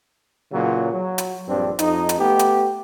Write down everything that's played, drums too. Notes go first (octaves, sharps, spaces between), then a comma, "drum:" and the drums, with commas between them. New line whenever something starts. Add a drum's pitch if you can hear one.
A#2 C#3 E3 F#3
F#3
drum: hi-hat
A#1 G2 C4 D4
F2 D#4, drum: hi-hat
drum: hi-hat
A3 B3 G4
drum: hi-hat